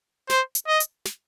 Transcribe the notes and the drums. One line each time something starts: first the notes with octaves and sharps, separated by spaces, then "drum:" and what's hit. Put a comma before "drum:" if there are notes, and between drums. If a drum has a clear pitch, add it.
C5, drum: snare
drum: hi-hat
D#5
drum: hi-hat
drum: snare